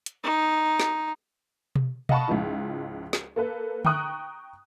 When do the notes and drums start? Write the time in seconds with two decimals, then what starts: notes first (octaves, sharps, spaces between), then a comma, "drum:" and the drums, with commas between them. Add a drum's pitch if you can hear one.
0.06 drum: hi-hat
0.24 D#4
0.79 drum: snare
1.76 drum: tom B2
2.09 D#5 F5 F#5 A5 B5 C#6, drum: tom B2
2.28 C#2 G#2 F3 E4
3.13 drum: snare
3.36 A#3 A4 B4
3.85 G5 A#5 C#6 D#6 F#6, drum: tom D3